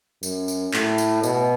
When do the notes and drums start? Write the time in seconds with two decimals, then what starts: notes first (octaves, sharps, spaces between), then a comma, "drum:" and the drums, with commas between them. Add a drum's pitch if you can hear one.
0.23 F#2, drum: tambourine
0.48 drum: tambourine
0.74 A2, drum: clap
0.98 drum: tambourine
1.23 B2, drum: tambourine